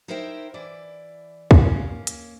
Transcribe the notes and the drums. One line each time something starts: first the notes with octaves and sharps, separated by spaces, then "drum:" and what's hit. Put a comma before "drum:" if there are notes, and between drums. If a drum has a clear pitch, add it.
D#4 E4 A#4 C5 E5 G5
E3 E4 D5
A#3 C#4, drum: kick
drum: hi-hat